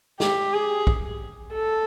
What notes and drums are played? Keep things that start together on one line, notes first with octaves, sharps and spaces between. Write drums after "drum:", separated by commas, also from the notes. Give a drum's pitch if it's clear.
G4, drum: snare
G#4
drum: kick
A4